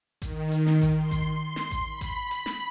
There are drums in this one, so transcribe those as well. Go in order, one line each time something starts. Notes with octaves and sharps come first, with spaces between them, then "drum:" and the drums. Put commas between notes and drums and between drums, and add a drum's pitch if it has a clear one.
D#3, drum: kick A1, hi-hat
drum: hi-hat
drum: snare
drum: kick A1, hi-hat
C6
drum: kick A1, hi-hat
C6
drum: snare
drum: kick A1, hi-hat
B5
drum: kick A1, hi-hat
drum: hi-hat
drum: snare